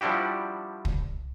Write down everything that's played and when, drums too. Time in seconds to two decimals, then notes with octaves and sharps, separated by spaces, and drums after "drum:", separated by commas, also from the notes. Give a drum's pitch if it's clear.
0.01 F3 G3 D4 E4 F#4 G4
0.85 drum: kick